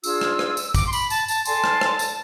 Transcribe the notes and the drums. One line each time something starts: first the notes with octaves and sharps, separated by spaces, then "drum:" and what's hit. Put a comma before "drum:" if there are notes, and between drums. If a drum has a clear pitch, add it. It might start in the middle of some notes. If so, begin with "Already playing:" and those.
D4 F4 G#4 D5 E6, drum: tambourine
drum: rim click
drum: rim click
drum: tambourine
D6, drum: kick, tambourine
C6
B5, drum: tambourine
A5, drum: tambourine
A5, drum: tambourine
A4 D5 G#5 A5 C6, drum: tambourine
drum: rim click
drum: rim click
drum: tambourine